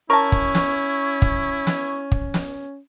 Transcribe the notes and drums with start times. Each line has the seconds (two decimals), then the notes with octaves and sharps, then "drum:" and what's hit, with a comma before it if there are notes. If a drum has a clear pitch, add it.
0.10 C#4 E4 A#4 A5 C#6
0.32 drum: kick
0.55 drum: snare
1.22 drum: kick
1.67 drum: snare
2.12 drum: kick
2.34 drum: snare